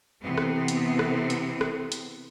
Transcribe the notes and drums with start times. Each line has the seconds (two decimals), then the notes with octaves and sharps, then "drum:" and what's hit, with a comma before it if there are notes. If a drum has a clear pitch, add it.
0.22 C3 E3 B3 C4
0.37 drum: rim click
0.68 drum: hi-hat
0.99 drum: rim click
1.30 drum: hi-hat
1.61 drum: rim click
1.92 drum: hi-hat